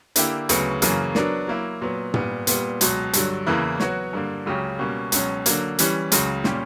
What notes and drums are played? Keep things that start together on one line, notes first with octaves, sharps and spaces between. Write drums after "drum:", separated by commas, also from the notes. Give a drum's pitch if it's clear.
D3 A#3 E4 G4, drum: hi-hat
D2 C#3 F#3 B3, drum: hi-hat
F#2 C#3 E3 A#3 C#4, drum: hi-hat
F#3 B3 D4 A#4, drum: snare
F#3 A#3 E4
A#2 F#3 B3
A#2 G3 B3, drum: tom
A#2 G3 B3, drum: hi-hat
C#2 B2 F#3, drum: hi-hat
G2 D3 F#3, drum: hi-hat
E2 C#3 E3 A#3 E4
F#3 B3 F#4 C#5, drum: snare
G2 D3 A#3
C#2 C#3 F#3 C#4 G4
B2 G3 A#3 C#4
C#2 B2 F#3 C#4, drum: hi-hat
D3 F#3 A#3, drum: hi-hat
E3 G3 C#4, drum: hi-hat
C#2 C#3 F#3, drum: hi-hat
A#2 G3 C#4 G4, drum: snare